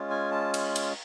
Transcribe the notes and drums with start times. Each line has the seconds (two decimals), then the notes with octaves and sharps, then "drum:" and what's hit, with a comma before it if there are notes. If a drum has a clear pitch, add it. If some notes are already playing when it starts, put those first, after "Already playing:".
Already playing: G#3 C#4 F4
0.10 G#5
0.32 A5
0.54 drum: cymbal
0.76 drum: cymbal